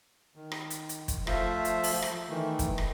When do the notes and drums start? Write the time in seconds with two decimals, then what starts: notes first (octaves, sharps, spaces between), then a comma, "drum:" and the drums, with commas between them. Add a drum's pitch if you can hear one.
0.36 D#3
0.52 drum: rim click
0.70 drum: hi-hat
0.89 drum: hi-hat
1.08 drum: kick, hi-hat
1.27 F3 A3 F4 C5 E5, drum: rim click
1.65 drum: hi-hat
1.84 drum: open hi-hat
2.02 drum: rim click
2.29 D#3 E3 A3
2.59 drum: kick, hi-hat
2.78 drum: rim click